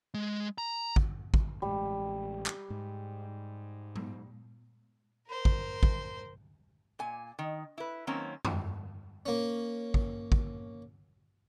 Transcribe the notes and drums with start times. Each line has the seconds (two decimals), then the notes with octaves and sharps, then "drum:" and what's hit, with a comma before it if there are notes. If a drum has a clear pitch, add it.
0.14 G#3
0.58 A#5
0.96 drum: kick
1.34 drum: kick
1.62 A1 G3 G#3
2.46 drum: clap
2.70 G#2
3.96 drum: tom
5.27 A#4 C5
5.45 drum: kick
5.83 drum: kick
6.99 A#2 G#5
7.39 D#3
7.78 E4 B4
8.07 D#3 F#3 A#3 C4 C#4
8.45 drum: tom F2
9.26 A#3 C#4
9.94 drum: kick
10.32 drum: kick